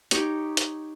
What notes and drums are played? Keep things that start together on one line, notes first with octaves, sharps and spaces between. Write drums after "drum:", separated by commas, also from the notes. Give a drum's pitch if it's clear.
D#4 G4 C#5, drum: hi-hat
drum: hi-hat